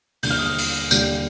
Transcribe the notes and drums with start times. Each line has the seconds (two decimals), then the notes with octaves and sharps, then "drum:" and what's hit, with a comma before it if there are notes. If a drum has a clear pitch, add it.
0.23 D#2 D3 G3 G6, drum: open hi-hat
0.30 F6
0.39 D#6
0.46 F6
0.58 drum: open hi-hat
0.91 D#2 D3 G3 G6, drum: tambourine